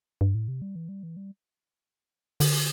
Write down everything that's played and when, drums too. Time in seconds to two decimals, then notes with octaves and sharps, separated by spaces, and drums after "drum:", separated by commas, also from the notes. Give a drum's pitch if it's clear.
0.21 G2
0.35 A2
0.48 C3
0.62 G3
0.76 E3
0.89 G3
1.03 E3
1.17 G3
2.40 D3, drum: open hi-hat